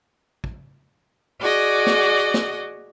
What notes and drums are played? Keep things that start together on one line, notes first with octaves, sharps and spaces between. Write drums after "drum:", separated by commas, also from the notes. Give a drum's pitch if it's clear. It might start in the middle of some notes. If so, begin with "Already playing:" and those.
drum: kick
F#4 G#4 D5 D#5
drum: snare
drum: snare